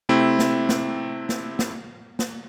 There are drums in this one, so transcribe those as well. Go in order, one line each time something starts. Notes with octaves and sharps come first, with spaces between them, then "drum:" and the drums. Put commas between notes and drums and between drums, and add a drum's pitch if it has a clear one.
C3 A3 C4 E4
drum: snare
drum: snare
drum: snare
drum: snare
drum: snare